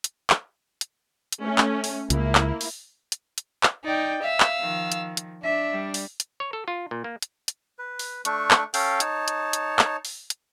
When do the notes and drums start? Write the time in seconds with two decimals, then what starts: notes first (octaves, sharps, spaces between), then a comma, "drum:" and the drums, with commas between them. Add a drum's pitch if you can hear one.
0.04 drum: hi-hat
0.30 drum: clap
0.81 drum: hi-hat
1.32 drum: hi-hat
1.42 A3 C#4
1.58 drum: clap
1.84 drum: open hi-hat
2.10 C#2 A#3 E4, drum: hi-hat
2.35 drum: clap
2.61 drum: open hi-hat
3.12 drum: hi-hat
3.38 drum: hi-hat
3.63 drum: clap
3.84 D#4 D5 G5
4.22 E5 F5 E6
4.40 drum: clap
4.61 D#3 F3
4.92 drum: hi-hat
5.17 drum: hi-hat
5.43 D4 E5
5.72 G3
5.94 drum: open hi-hat
6.20 drum: hi-hat
6.40 C#5
6.53 A4
6.68 F4
6.91 A#2
7.04 A#3
7.22 drum: hi-hat
7.48 drum: hi-hat
7.78 B4
7.99 drum: open hi-hat
8.25 A3 D4 C#6, drum: hi-hat
8.51 drum: clap
8.74 C#4 A4 F5 G5, drum: open hi-hat
9.00 D#4 C#5 A5, drum: hi-hat
9.28 drum: hi-hat
9.53 drum: hi-hat
9.79 drum: clap
10.05 drum: open hi-hat
10.30 drum: hi-hat